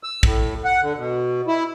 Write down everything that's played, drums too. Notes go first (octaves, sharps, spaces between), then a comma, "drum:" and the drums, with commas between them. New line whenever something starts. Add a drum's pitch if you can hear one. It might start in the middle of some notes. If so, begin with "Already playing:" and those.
E6
A2, drum: kick
F#5
D3
B2
E4